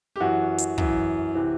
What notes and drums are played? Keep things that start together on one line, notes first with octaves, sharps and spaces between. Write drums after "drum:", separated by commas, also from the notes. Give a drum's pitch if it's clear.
G4
F#2 E3 F#4
drum: hi-hat
F#2 E3, drum: kick
C3 E3